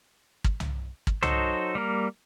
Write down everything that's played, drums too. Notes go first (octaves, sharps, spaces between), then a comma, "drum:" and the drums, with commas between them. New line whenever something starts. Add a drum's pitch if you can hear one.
drum: kick
drum: tom C2
drum: kick
F#3 D#4 F#4 A4 C5, drum: tom C2
G3 A#3 A#4